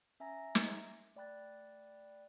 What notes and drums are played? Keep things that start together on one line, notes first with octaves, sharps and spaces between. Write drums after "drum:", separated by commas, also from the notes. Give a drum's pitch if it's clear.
C#4 E5 G#5 A#5 A#6
drum: snare
A3 D5 G5 B5 F#6 A6